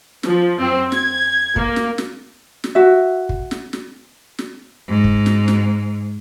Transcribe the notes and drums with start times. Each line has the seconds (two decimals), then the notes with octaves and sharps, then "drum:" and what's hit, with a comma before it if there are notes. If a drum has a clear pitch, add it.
0.23 F3, drum: snare
0.58 F#2 C4
0.92 G#6, drum: snare
1.56 A#3, drum: kick
1.76 drum: snare
1.98 drum: snare
2.64 drum: snare
2.75 F#4 E5
3.29 drum: kick
3.51 drum: snare
3.73 drum: snare
4.39 drum: snare
4.88 G#2
5.04 drum: kick
5.26 drum: snare
5.48 drum: snare